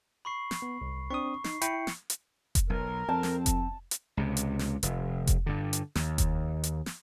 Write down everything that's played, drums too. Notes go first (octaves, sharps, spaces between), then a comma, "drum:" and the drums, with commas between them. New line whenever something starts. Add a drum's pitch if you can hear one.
B5 C#6 C7
drum: snare
B3
C2
C4 D4 C#6 D#6
D#4 C7, drum: snare
E4 G5 B5 C#7, drum: hi-hat
drum: snare
drum: hi-hat
drum: kick F1, hi-hat
B1 A#4
F2 C4 A5
drum: snare
drum: kick F1, hi-hat
drum: hi-hat
C#2 C3
drum: hi-hat
drum: snare
F1, drum: hi-hat
drum: kick F1, hi-hat
G2 D3
drum: hi-hat
D#2, drum: snare
drum: kick F1, hi-hat
drum: hi-hat
drum: snare